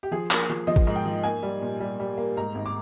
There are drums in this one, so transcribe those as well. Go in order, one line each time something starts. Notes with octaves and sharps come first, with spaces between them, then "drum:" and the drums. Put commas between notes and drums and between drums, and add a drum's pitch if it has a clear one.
G4
F3 G#4
A#3, drum: clap
F3
F3 D#5
drum: kick A1
G#2
G5
F3
A#3 G#5
G3
A#2
G3
G3
A#3
G#2 A#5
G#1
D6